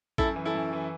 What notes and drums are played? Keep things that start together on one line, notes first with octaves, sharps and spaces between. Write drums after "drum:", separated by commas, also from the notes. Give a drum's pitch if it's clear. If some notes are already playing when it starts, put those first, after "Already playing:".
F#2 E4 A4, drum: kick A1
E3
E4 A4
F#2
E3